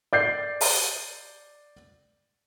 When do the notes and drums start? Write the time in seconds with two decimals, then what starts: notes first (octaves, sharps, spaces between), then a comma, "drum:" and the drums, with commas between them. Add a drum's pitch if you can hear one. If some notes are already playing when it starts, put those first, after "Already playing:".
0.13 D5 G6 C7
0.61 drum: open hi-hat